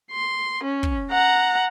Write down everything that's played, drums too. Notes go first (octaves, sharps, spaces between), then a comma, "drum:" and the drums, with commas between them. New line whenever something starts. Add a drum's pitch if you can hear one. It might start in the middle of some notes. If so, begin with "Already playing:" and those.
C6
C#4
drum: kick
F#5 A#5